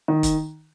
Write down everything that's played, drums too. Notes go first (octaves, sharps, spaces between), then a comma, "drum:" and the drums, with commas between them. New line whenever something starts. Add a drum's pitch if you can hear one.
D#3
drum: kick, hi-hat